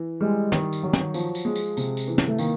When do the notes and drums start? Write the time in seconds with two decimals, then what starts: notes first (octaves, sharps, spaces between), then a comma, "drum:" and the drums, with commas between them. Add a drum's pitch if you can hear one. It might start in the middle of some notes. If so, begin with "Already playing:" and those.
Already playing: E3
0.21 G3 G#3
0.52 D#3, drum: snare
0.73 drum: tambourine
0.83 F#3
0.93 drum: snare
1.14 F3, drum: tambourine
1.35 drum: tambourine
1.45 G#3
1.56 drum: tambourine
1.77 C3, drum: tambourine
1.97 drum: tambourine
2.08 E3
2.18 drum: snare
2.27 A3
2.39 D#3 A#3, drum: tambourine